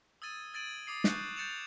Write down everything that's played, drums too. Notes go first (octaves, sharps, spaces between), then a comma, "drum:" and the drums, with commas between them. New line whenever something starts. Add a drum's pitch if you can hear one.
D#6 E6 G#6 A6 D#7
E6 G#6 A6 D7 D#7 F#7
D6 D#6 C7
C#6 F#6 G6, drum: snare
G6 A6 C#7 E7 F7